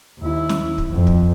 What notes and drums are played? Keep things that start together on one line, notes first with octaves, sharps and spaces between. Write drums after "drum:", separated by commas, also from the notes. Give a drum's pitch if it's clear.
D#2 E4
drum: snare
drum: kick
F2
drum: kick